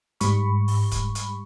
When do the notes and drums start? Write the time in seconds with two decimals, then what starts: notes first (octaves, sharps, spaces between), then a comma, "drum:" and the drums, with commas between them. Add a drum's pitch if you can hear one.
0.21 G#2 G3 B5 C#6, drum: hi-hat
0.68 drum: open hi-hat
0.91 drum: kick, hi-hat
1.15 drum: hi-hat